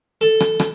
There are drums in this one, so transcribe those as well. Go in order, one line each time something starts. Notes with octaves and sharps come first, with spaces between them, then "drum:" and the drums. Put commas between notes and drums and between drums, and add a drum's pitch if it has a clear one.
A4
drum: rim click
drum: rim click